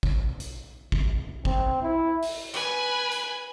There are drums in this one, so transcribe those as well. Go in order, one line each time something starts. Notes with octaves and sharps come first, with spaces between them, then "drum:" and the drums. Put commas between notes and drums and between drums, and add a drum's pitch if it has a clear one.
drum: kick
drum: hi-hat
drum: kick
C4, drum: kick
E4
drum: open hi-hat
B4 G#5, drum: hi-hat
drum: hi-hat